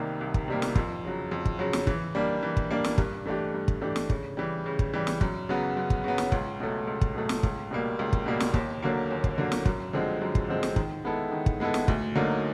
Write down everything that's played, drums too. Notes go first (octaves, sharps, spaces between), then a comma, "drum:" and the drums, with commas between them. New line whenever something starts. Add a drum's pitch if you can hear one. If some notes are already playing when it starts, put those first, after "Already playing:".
Already playing: C2 C3 D#3 G3 A#3
C2
drum: kick
C3 D#3 G3 A#3
drum: snare
F2, drum: kick
C#3 F#3
F2
drum: kick
C#3 F#3
drum: snare
E3, drum: kick
G3 A#3 D4
E3
drum: kick
G3 A#3 D4
drum: snare
G2, drum: kick
E3 A3 D4 G4
G2
drum: kick
E3 A3 D4 G4
drum: snare
C#3, drum: kick
E3 G3
C#3
drum: kick
E3 G3
drum: snare
F#2, drum: kick
C#3 F#3 B3
F#2
drum: kick
C#3 F#3 B3
drum: snare
C#2, drum: kick
B2 F#3 A3
C#2
drum: kick
B2 F#3 A3
drum: snare
C#2, drum: kick
B2 G3 A#3
C#2
drum: kick
B2 G3 A#3
drum: snare
D#2, drum: kick
D3 F#3 A#3
D#2
drum: kick
D3 F#3 A#3
drum: snare
F#2, drum: kick
D3 F3 G#3 C4
F#2
drum: kick
D3 F3 G#3 C4
drum: snare
D#3, drum: kick
G#3 B3 E4 A4
D#3
drum: kick
G#3 B3 E4 A4
drum: snare
D2, drum: kick
D3 F#3 A#3 D#4